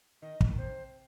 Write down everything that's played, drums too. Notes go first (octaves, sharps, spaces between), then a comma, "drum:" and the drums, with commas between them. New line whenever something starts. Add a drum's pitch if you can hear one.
D#3 D#5
drum: kick
D#3
C3 C5